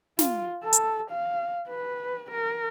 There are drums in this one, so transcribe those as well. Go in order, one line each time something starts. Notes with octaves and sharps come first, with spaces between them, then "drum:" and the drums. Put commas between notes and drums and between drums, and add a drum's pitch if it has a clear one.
F4, drum: snare
A4
drum: hi-hat
F5
B4
A#4